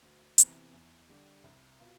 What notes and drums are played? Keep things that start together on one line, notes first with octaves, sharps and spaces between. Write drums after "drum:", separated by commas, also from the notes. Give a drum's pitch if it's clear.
D2
C3 E3 B3, drum: hi-hat
E2
D3 G3 D4 G4
C2
B2 B3 F4